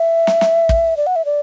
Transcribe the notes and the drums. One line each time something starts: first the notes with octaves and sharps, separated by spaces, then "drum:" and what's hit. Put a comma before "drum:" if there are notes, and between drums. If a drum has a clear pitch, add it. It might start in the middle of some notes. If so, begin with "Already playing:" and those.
Already playing: E5
drum: snare
drum: snare
drum: kick
D5
F#5
E5
D5